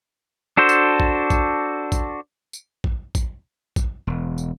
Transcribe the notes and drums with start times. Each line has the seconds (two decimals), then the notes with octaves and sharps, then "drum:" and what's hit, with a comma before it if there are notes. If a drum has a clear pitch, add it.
0.57 D4 F#4 A4 C5
0.69 drum: tambourine
1.00 drum: kick
1.30 drum: kick, tambourine
1.92 drum: kick, tambourine
2.53 drum: tambourine
2.84 drum: kick
3.15 drum: kick, tambourine
3.76 drum: kick, tambourine
4.07 E1
4.38 drum: tambourine